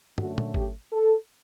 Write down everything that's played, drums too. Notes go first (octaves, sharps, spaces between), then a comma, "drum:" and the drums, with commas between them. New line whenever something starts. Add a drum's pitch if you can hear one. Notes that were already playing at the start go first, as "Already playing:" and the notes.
F#2 D3 A3 C#4 F#4, drum: tom
drum: tom A#2
G4, drum: kick G#1
A4